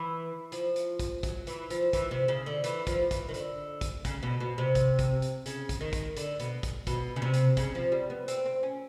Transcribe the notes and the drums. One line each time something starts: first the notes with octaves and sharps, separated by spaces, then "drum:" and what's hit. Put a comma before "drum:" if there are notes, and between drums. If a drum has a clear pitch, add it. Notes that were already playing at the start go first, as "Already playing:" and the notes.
Already playing: E3
F3, drum: hi-hat
drum: hi-hat
drum: kick, hi-hat
F#3, drum: kick, hi-hat
E3, drum: hi-hat
F3, drum: hi-hat
E3, drum: kick, hi-hat
C3
C#3
D3
E3, drum: hi-hat
F3, drum: kick, hi-hat
E3, drum: kick, hi-hat
D#3
D3, drum: hi-hat
drum: kick, hi-hat
C#3, drum: kick, hi-hat
B2
B2
C3
drum: kick, hi-hat
drum: kick, hi-hat
drum: hi-hat
C#3, drum: hi-hat
drum: kick, hi-hat
D#3
drum: kick, hi-hat
D3, drum: hi-hat
B2, drum: hi-hat
drum: kick, hi-hat
B2, drum: kick, hi-hat
C#3
C3
drum: hi-hat
C#3, drum: kick, hi-hat
F3
G3
B3
C4, drum: hi-hat
C4
C#4